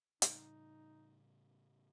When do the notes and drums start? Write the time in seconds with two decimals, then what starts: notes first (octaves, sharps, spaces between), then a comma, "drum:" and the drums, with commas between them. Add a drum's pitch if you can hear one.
0.22 A2 C#3 G3 D#4, drum: hi-hat